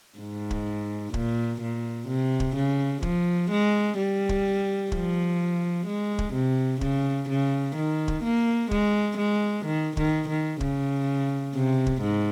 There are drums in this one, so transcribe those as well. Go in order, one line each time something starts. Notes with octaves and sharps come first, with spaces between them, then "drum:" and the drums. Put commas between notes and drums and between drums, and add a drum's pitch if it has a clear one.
G#2
drum: kick
A#2, drum: kick
A#2
C3
drum: kick
C#3
F3, drum: kick
G#3
G3
drum: kick
F3, drum: kick
G#3
drum: kick
C3
C#3, drum: kick
C#3
D#3
drum: kick
A#3
G#3, drum: kick
G#3
D#3
D#3, drum: kick
D#3
C#3, drum: kick
C3
drum: kick
G#2